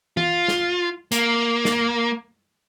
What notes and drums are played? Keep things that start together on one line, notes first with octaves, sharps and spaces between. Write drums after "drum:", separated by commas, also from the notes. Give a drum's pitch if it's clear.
F4, drum: tom E3
drum: snare
A#3, drum: hi-hat
drum: snare